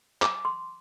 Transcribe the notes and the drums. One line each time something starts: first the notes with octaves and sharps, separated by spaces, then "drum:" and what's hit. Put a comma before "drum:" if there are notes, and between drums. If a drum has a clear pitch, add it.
D6, drum: clap
C6